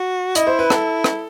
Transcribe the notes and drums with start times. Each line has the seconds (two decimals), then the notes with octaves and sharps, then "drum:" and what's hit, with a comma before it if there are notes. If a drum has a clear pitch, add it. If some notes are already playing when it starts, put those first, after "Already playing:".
Already playing: F#4
0.35 E4 D#5, drum: hi-hat
0.47 C5
0.59 B4
0.70 A4, drum: rim click
1.04 drum: rim click